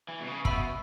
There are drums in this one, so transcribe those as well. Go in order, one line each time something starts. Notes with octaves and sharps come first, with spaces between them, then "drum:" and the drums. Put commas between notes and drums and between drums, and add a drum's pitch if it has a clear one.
E3
B2
C#3
B2 E5 B5 E6, drum: kick